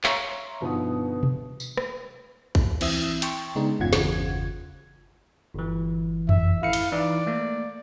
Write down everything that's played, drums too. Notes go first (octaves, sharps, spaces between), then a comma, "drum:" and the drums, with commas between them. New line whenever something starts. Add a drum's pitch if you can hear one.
C#5 E5 F5 A#5 C6 C#6, drum: clap
G1 B2 F3 B3 D#4 D#6
drum: tom B2
drum: tambourine
drum: rim click
drum: kick A#1
E3 C4 E5 D#6, drum: cymbal
G5 A5 C6 C#6, drum: hi-hat
C#3 G#3 B3 D4 D#4
G1 E2 C#3 F4 F#5 G#6
drum: snare
G1 E3
E5, drum: tom F2
G#1 E4 F5 C#7
drum: cymbal
E3 D#4 E4 D5
A3 A#3